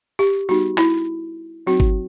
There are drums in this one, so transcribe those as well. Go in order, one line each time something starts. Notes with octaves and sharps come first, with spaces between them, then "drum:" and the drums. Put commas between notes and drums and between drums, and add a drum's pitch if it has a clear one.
G4
G3 B3 D#4 F#4
E4, drum: clap
F#3 C4 D#4 F#4
drum: kick G1